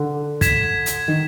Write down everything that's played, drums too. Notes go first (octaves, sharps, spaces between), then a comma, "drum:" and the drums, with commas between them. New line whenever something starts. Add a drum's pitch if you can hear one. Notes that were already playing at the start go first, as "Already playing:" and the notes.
Already playing: D3
G#6 B6 E7, drum: kick, hi-hat
drum: hi-hat
D#3